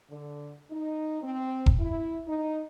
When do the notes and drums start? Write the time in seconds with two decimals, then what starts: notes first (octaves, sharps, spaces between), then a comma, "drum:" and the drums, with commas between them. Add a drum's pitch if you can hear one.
0.10 D3
0.71 D#4
1.22 C4
1.66 drum: kick E1
1.79 E4
2.27 D#4